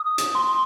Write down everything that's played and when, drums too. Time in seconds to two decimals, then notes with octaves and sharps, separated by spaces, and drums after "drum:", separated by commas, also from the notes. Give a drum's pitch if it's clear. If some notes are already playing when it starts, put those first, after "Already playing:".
Already playing: D#6
0.18 drum: hi-hat
0.35 C6